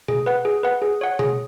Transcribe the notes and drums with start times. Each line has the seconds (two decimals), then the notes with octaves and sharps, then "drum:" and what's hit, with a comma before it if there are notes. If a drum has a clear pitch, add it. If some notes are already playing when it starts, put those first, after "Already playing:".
0.08 G#4, drum: tom B2
0.26 B4 F#5
0.45 G#4
0.63 B4 F#5
0.82 G#4
1.01 C#5 F#5
1.19 G#4, drum: tom B2